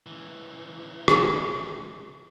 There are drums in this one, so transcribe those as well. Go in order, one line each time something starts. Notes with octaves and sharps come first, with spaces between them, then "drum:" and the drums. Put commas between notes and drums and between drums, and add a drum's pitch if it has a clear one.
C#2 E3
drum: rim click